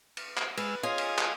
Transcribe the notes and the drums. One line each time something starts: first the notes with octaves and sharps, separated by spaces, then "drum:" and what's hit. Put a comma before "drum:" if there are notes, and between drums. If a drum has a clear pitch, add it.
drum: cymbal
drum: clap
G#3 B4 E6 F6, drum: cymbal
C#4 F4 G#4 D#5 F5 D#6
drum: cymbal
drum: clap